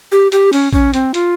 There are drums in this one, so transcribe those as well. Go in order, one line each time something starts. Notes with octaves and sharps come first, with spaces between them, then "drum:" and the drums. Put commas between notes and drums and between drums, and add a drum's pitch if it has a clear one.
G4
G4, drum: hi-hat
C#4, drum: open hi-hat
C#4, drum: kick
C4, drum: hi-hat
F4, drum: hi-hat